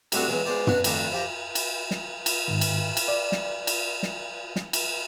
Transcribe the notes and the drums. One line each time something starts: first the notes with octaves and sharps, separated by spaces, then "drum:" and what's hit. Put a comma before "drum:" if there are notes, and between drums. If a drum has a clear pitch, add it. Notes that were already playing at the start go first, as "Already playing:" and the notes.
G3 A3 C4 D4 F#4 A4, drum: cymbal
B2 E3 F#3 G#3 B3
G#3 B3 C5 D5
B3 D4 F#4 B5, drum: tom
F2 D#3 A3 D4 A#5, drum: cymbal
F3 G4 A#5
drum: cymbal
drum: snare
drum: cymbal
G#2 D#3
drum: cymbal
drum: cymbal
D5
drum: snare
drum: cymbal
drum: snare
drum: snare
drum: cymbal